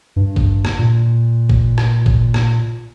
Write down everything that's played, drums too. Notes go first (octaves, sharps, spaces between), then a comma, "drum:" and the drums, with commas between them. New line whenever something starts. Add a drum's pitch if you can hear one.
G2
drum: kick
drum: rim click
A#2
drum: kick
drum: rim click
drum: kick
drum: rim click